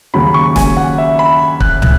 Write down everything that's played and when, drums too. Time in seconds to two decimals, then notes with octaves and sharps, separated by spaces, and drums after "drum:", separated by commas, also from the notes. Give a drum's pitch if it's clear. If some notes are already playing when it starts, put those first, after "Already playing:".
0.14 D#2 C#3 F#3 B5
0.34 C#6
0.56 G#5, drum: snare
0.77 F#5
0.98 E5
1.19 B5
1.60 F#6, drum: kick
1.82 F#6, drum: tom